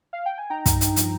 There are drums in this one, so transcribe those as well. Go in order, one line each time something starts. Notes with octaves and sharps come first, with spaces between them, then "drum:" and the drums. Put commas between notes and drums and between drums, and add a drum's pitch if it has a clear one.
F5
G5
G#5
D#4 G5 A#5
G2, drum: kick, hi-hat
D#4, drum: hi-hat
F3, drum: hi-hat